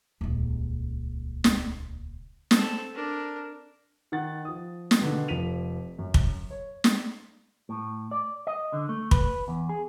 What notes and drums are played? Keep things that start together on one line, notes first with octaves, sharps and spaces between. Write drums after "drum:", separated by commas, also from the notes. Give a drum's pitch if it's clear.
D#1 C#2
drum: snare
C4 A4, drum: snare
D4 A#4
D#3 F#5 A6
F3 D#6
drum: snare
B2 D3 D#3
F1 F3 B6 D#7 F7
F#2
drum: kick
C#5
drum: snare
A2
D5
D#5
D3
A3
B4, drum: kick
E2
G#4